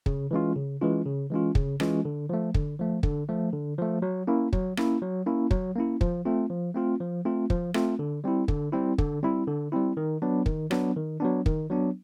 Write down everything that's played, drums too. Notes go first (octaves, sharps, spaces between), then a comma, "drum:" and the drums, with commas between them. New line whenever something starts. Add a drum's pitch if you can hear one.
C#3, drum: kick
E3 G#3 C#4 F4
C#3
E3 G#3 C#4 F4
C#3
E3 G#3 C#4 F4
C#3, drum: kick
E3 G#3 C#4 F4, drum: rim click
D3
F3 A3
D3, drum: kick
F3 A3
D3, drum: kick
F3 A3
D3
F3 A3
F#3
A#3 C#4 E4
F#3, drum: kick
A#3 C#4 E4, drum: rim click
F#3
A#3 C#4 E4
F#3, drum: kick
A#3 C#4 E4
F3, drum: kick
A3 C4 F4
F3
A3 C4 F4
F3
A3 C4 F4
F3, drum: kick
A3 C4 F4, drum: rim click
D3
G3 C4 E4
D3, drum: kick
G3 C4 E4
D3, drum: kick
G3 C4 E4
D3
G3 C4 E4
D#3
F#3 B3 D4
D#3, drum: kick
F#3 B3 D4, drum: rim click
D#3
F#3 B3 D4
D#3, drum: kick
F#3 B3 D4